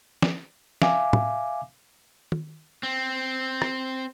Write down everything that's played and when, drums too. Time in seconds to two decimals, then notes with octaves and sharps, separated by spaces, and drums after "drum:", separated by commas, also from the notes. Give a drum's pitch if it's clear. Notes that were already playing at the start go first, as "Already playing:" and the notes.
0.22 drum: snare
0.82 E5 F5 G#5 D6, drum: snare
1.13 drum: tom
2.32 drum: tom
2.83 C4
3.62 drum: rim click